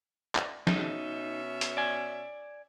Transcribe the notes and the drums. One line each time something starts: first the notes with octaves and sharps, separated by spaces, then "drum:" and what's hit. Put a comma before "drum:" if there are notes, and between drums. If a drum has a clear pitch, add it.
drum: clap
B2 C#4 D#4 E5, drum: snare
drum: hi-hat
D5 G#5